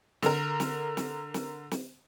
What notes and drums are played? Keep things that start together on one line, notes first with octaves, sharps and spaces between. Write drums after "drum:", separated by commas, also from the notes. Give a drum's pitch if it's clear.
D3 A#4, drum: snare
drum: snare
drum: snare
drum: snare
drum: snare